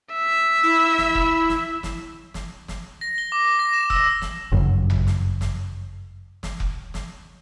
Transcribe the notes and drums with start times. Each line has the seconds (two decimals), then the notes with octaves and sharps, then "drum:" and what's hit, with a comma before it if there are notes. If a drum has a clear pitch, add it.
0.13 E5
0.63 E4
0.98 drum: snare
1.15 drum: kick F1
1.49 drum: snare
1.83 drum: snare
2.34 drum: snare
2.68 drum: snare
3.01 A#6
3.18 G7
3.32 D6
3.45 D6
3.59 A#6
3.73 E7
3.90 E6, drum: kick F1
4.22 drum: snare
4.52 G1 F#2 C#3 F#3
4.90 drum: tom G#1
5.07 drum: snare
5.41 drum: snare
6.43 drum: snare
6.60 drum: kick F1
6.94 drum: snare